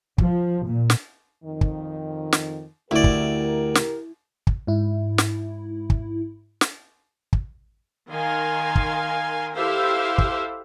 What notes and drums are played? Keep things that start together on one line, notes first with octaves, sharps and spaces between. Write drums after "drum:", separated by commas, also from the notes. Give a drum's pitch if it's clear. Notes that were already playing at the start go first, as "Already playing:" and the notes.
F3, drum: kick
A#2
drum: snare
F2 D#3
drum: kick
drum: snare
D2 E4 G4 A#4 D5
drum: kick
drum: snare
drum: kick
G#2 E4
drum: snare
drum: kick
drum: snare
drum: kick
D#3 A#4 F5 G#5 C6
drum: kick
E4 G4 A4 C5 E5 F5
drum: kick